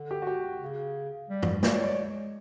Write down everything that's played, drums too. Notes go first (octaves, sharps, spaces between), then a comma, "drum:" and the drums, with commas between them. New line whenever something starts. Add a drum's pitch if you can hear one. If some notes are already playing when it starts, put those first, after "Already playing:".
Already playing: D3
G4
F#4
G4
C#3
G3
drum: tom
G#3 D5, drum: snare
C#5
D5